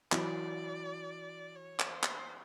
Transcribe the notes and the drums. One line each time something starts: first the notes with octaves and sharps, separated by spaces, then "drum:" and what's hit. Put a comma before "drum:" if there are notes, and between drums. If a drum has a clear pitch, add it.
E3 F#3 D5, drum: clap
C#5
drum: clap
C5
drum: clap